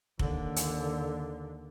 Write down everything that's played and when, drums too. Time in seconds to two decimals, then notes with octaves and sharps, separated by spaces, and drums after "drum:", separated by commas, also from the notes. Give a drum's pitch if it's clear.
0.19 D#2 D3, drum: kick F1
0.56 drum: hi-hat